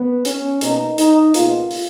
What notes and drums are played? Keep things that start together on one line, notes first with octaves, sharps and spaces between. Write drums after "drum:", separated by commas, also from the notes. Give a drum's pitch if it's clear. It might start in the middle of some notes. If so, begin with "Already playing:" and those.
Already playing: B3
C#4, drum: hi-hat
B2 A#3 D#4, drum: hi-hat
D#4, drum: hi-hat
C#2 B2 A#3 F4, drum: hi-hat
drum: open hi-hat